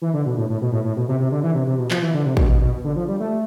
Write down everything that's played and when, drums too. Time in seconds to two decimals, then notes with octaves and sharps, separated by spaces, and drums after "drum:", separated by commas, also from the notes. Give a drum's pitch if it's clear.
0.02 E3
0.14 D3
0.26 B2
0.38 A2
0.49 A2
0.61 B2
0.72 A2
0.85 A2
0.96 B2
1.08 C3
1.20 C3
1.32 D3
1.43 E3
1.55 C3
1.67 C3
1.78 B2
1.91 F3, drum: clap
2.02 E3
2.14 D3
2.26 C3
2.37 B2, drum: kick A1
2.49 B2
2.61 B2
2.84 D3
2.96 F3
3.08 G3
3.20 A3